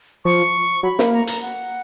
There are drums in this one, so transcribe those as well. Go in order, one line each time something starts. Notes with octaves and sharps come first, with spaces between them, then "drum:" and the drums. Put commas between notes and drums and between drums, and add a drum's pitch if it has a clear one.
F3 C#6
F#3 B5
A#3, drum: snare
A#5
A#5, drum: hi-hat
F#5